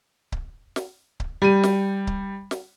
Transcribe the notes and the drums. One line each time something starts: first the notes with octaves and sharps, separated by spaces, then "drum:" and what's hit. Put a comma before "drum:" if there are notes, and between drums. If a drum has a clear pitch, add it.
drum: kick C#1
drum: snare
drum: kick C#1
G3 D#7
drum: snare
drum: kick C#1
drum: snare